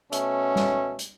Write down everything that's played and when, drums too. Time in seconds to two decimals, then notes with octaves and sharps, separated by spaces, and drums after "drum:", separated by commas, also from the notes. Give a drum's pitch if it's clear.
0.12 B2 A3 C#4, drum: hi-hat
0.56 drum: snare
0.99 drum: hi-hat